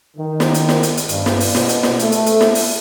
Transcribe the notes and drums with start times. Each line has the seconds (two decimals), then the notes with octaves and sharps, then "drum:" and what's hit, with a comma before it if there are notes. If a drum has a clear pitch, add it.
0.17 D#3
0.40 drum: snare
0.54 drum: hi-hat
0.69 drum: snare
0.83 drum: hi-hat
0.97 drum: hi-hat
1.09 G2, drum: hi-hat
1.26 drum: snare
1.40 drum: open hi-hat
1.55 B2, drum: snare
1.69 drum: hi-hat
1.83 drum: snare
1.99 A3, drum: hi-hat
2.12 drum: hi-hat
2.26 drum: hi-hat
2.41 drum: snare
2.55 drum: open hi-hat